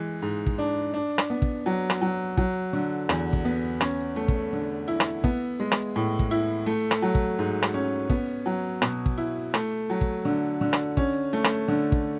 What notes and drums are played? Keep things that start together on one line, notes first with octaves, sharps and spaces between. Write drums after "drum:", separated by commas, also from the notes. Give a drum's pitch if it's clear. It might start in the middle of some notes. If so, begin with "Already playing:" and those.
Already playing: E3 G#3
G#2
drum: kick
D4
D4
drum: rim click
B3
drum: kick
F#3
drum: rim click
F#3
F#3, drum: kick
D3
E2, drum: rim click
drum: kick
B3
C#4, drum: rim click
A3
drum: kick
D3
E4
drum: rim click
B3, drum: kick
G#3
drum: rim click
A2
drum: kick
E4
A3
drum: rim click
F#3
drum: kick
G#2
drum: rim click
C#4
B3, drum: kick
F#3
B2, drum: rim click
drum: kick
E4
A3, drum: rim click
F#3
drum: kick
D3
D3
drum: rim click
C#4, drum: kick
A3
drum: rim click
D3
drum: kick